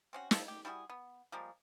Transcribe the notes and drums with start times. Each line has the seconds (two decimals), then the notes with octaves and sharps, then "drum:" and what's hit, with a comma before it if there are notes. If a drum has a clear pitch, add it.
0.13 C4 C#4 F#4
0.31 F3 C4 A4, drum: snare
0.48 G4
0.65 G3 E4 F#4 G#4
0.89 B3
1.32 F3 G3 G#3 A#3